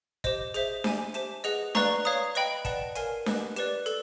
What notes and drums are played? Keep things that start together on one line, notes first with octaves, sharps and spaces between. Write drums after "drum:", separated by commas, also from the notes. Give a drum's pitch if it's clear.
G4 C5 D#5, drum: kick, hi-hat
G#4 C5 E5, drum: hi-hat
G4 C5 E5 G#5, drum: snare D4
G4 C5 E5 A5, drum: hi-hat
G#4 B4 D#5 F#5, drum: hi-hat
B4 D5 F5 A#5 C#6, drum: snare D4
C#5 F5 A#5 D#6
B4 D#5 G5 B5, drum: hi-hat
B4 D5 F#5 A5, drum: kick, hi-hat
A#4 C#5 F5 G#5, drum: hi-hat
G4 B4 D#5 F#5, drum: snare D4
G4 B4 D5, drum: hi-hat
A4, drum: hi-hat